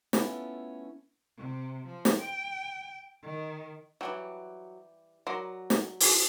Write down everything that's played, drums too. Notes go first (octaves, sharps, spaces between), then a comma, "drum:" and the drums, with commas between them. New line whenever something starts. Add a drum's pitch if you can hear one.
A3 B3 C#4 E4 F4, drum: snare
C3
F3
drum: snare
G5
D#3
E3 F#3 G3 G4
F#3 A#4 D5 C6
drum: snare
drum: open hi-hat